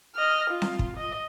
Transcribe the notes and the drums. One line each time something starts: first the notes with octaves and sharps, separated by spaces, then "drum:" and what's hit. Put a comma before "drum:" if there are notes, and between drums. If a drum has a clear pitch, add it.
D#5 F6
F4
drum: snare C4
drum: kick
D#5